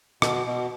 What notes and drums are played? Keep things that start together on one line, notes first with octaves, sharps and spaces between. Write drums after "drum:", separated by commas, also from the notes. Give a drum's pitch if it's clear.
B2, drum: rim click
B2